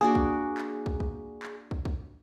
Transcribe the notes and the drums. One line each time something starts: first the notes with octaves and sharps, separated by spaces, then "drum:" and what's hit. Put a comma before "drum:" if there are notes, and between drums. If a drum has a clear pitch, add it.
A#3 D4 F#4 G#4
drum: kick
drum: clap
drum: kick
drum: kick
drum: clap
drum: kick
drum: kick